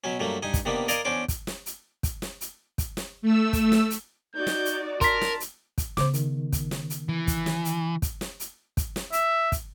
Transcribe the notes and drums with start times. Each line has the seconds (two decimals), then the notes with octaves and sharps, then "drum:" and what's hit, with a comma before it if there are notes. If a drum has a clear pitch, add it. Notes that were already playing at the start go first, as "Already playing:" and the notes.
0.04 B2 F#3 C#4
0.19 G2 F#3 A3 A#3
0.43 G2 D#4 G#5
0.54 drum: kick, hi-hat
0.65 C3 D#3 A#3 B3 D4
0.88 A#4 D5 D#5 F5 G#5 A#5, drum: hi-hat
1.05 E2 C#4 D4 C5 D6
1.28 drum: kick, hi-hat
1.47 drum: snare
1.66 drum: hi-hat
2.03 drum: kick, hi-hat
2.22 drum: snare
2.41 drum: hi-hat
2.78 drum: kick, hi-hat
2.97 drum: snare
3.22 A3 E6
3.53 drum: kick, hi-hat
3.72 drum: snare
3.90 drum: hi-hat
4.35 D#4 F#4 D5 G6
4.47 drum: snare
4.65 drum: hi-hat
5.01 A#4 A5 C6 B6, drum: kick, hi-hat
5.21 drum: snare
5.40 drum: hi-hat
5.78 drum: kick, hi-hat
5.97 C#3 B3 C5 D6, drum: snare
6.14 D#3, drum: hi-hat
6.52 drum: kick, hi-hat
6.71 drum: snare
6.90 drum: hi-hat
7.09 E3
7.27 drum: kick, hi-hat
7.46 drum: snare
7.65 drum: hi-hat
8.02 drum: kick, hi-hat
8.21 drum: snare
8.40 drum: hi-hat
8.77 drum: kick, hi-hat
8.96 drum: snare
9.12 E5, drum: hi-hat
9.52 drum: kick, hi-hat